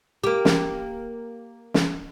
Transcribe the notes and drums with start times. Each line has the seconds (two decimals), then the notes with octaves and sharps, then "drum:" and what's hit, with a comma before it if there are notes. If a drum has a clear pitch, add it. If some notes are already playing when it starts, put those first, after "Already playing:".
0.24 A#3 G4
0.45 drum: snare
1.74 drum: snare